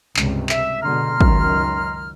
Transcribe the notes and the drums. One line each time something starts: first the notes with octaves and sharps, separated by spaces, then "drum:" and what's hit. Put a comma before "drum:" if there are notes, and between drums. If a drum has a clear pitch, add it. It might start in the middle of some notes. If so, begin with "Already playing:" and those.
C#2 G2 C3, drum: clap
E5, drum: clap
B2 D3 G#3 A#5 C6 F6
C#2 F#2 D#3, drum: kick